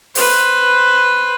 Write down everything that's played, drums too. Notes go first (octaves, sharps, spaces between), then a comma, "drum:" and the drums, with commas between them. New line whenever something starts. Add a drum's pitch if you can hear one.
B4 C5, drum: open hi-hat